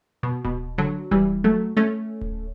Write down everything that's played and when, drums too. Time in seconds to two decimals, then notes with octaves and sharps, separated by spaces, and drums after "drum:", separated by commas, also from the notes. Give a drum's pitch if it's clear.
0.23 B2
0.44 B2, drum: kick D1
0.78 D3 F#3
1.11 E3 G3, drum: kick D1
1.44 F#3 A3
1.77 A3 C#4
2.21 drum: kick D1